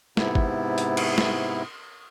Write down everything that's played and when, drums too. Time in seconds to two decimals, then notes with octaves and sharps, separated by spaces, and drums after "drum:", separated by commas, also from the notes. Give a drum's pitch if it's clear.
0.17 G#2 C3 B3 E4, drum: snare
0.35 drum: kick
0.78 drum: hi-hat
0.97 drum: cymbal
1.18 drum: snare